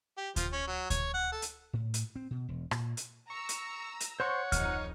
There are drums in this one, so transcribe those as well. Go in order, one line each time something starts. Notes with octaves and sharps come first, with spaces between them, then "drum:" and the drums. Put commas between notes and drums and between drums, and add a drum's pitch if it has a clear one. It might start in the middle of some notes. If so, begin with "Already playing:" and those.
G4
F3, drum: kick D2, hi-hat
C#4
F#3
C#5, drum: kick D2, hi-hat
F#5
A4
drum: hi-hat
A2
drum: hi-hat
C4
B2
E1
A#2, drum: rim click
drum: hi-hat
A#5 C#6 E6
drum: hi-hat
drum: hi-hat
C5 C#5 F#5 C6 C#6
F2 D#4 F6, drum: kick D2, hi-hat